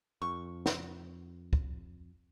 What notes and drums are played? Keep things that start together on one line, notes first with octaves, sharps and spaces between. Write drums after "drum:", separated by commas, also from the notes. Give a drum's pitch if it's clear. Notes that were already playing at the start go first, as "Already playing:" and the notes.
F2 C#6
drum: snare
drum: kick